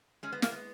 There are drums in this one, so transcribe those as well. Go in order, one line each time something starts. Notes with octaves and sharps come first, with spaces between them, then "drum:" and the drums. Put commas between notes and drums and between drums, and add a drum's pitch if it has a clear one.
G#3 C#4
B3
A#3, drum: snare
B3